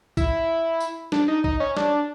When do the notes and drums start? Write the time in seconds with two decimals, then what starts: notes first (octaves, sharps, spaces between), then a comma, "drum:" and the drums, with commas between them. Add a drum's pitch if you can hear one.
0.17 E4, drum: kick A#1, tambourine
0.80 drum: tambourine
1.12 D4, drum: snare
1.28 D#4
1.44 D#4, drum: kick A#1
1.60 C#4
1.77 D4, drum: snare